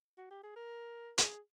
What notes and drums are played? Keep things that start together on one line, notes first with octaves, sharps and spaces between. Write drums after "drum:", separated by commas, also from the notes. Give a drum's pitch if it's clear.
F#4
G4
G#4
A#4
G#4, drum: hi-hat